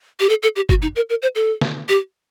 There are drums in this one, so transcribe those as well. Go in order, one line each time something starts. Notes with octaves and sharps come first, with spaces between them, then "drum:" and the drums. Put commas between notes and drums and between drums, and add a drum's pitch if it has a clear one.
G4
A4
A4
G4
F#4, drum: kick
D#4
A#4
A#4
C5
A4
drum: snare
G4